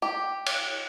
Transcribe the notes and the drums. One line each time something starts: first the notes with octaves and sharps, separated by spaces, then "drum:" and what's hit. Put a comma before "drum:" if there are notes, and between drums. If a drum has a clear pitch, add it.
G4
drum: cymbal